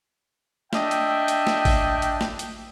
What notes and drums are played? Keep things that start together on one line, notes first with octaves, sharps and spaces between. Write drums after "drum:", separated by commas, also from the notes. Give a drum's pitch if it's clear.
D4 D#5 E5 G5, drum: snare
drum: hi-hat
drum: hi-hat
drum: snare
drum: kick, open hi-hat
drum: hi-hat
drum: snare
drum: hi-hat